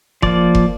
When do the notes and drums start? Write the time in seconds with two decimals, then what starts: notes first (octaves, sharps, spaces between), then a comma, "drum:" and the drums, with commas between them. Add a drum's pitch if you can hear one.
0.22 F3 A#3 D5, drum: kick F1
0.55 drum: kick F1